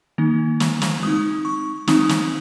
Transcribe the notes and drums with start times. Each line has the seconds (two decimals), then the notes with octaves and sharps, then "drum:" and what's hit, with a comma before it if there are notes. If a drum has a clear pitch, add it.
0.18 D#3 A#3 D#4
0.60 drum: snare
0.82 drum: snare
1.03 G#3 C4 D#4 D#6
1.45 C#6
1.88 G#3 C4 D#4 D#6, drum: snare
2.09 drum: snare